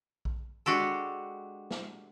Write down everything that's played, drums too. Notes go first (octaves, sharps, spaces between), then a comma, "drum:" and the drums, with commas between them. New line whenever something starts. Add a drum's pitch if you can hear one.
drum: kick A#1
G#3 D4 F#4 G4 A4
drum: snare